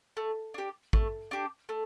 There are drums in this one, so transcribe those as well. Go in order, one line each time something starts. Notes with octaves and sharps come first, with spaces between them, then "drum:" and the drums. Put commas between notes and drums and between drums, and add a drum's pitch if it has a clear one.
A3
D4 G4
A3, drum: kick
D4 G4
A3